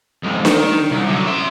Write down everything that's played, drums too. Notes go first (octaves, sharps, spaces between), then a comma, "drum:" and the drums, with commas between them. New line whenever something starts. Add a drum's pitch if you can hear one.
F2 G#2
D#3, drum: snare D4
C2
D3 F#3
E5 C6